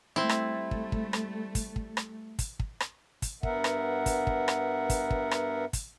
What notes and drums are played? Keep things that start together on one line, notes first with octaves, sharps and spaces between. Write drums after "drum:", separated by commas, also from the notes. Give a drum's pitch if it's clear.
G3 A3 C4 E4
drum: rim click
drum: kick
drum: kick
drum: rim click
drum: kick, hi-hat
drum: kick
drum: rim click
drum: kick, hi-hat
drum: kick
drum: rim click
drum: kick, hi-hat
G2 B3 A#4 E5 F#5, drum: kick
drum: rim click
drum: kick, hi-hat
drum: kick
drum: rim click
drum: kick, hi-hat
drum: kick
drum: rim click
drum: kick, hi-hat